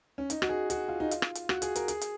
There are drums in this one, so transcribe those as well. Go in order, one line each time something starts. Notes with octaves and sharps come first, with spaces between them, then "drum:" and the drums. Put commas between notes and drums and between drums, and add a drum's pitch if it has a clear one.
C#4
D#4, drum: hi-hat
F#4, drum: rim click
G#4
F#4, drum: hi-hat
F4
D#4
F4, drum: hi-hat
drum: rim click
drum: hi-hat
F#4, drum: rim click
G#4, drum: hi-hat
A#4, drum: hi-hat
G#4, drum: hi-hat
drum: hi-hat